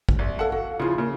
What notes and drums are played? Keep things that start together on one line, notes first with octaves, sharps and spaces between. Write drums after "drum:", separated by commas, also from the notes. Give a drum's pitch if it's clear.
drum: kick
C2
A4 F5 F#5 A5
F#4
C#3 F3 E4 F4 G#4
C#3 A#3